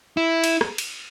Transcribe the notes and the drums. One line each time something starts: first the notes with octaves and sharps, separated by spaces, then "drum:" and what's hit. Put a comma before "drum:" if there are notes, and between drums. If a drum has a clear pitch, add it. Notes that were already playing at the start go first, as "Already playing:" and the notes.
E4
drum: cymbal
drum: rim click
drum: cymbal